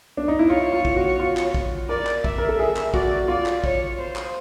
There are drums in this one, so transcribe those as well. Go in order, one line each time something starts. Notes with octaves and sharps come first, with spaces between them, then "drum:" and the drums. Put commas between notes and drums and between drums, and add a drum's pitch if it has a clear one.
D4
D#4
E4
F4 C#5
F4
drum: kick
F#4
F4
drum: clap
drum: kick
A#4 D5
drum: clap
E5, drum: kick
A#4
A4
G#4 E5
drum: clap
F#4 D5, drum: kick
F4 D5
drum: clap
C#5, drum: kick
C5
drum: clap